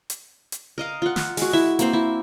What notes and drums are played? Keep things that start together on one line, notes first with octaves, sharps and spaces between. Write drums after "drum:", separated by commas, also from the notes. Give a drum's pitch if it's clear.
drum: hi-hat
drum: hi-hat
A#4 D#5 F5
F4 F#5
drum: snare
G#3 F#4, drum: open hi-hat
E4 E5
A#3 C4 C5, drum: hi-hat
E4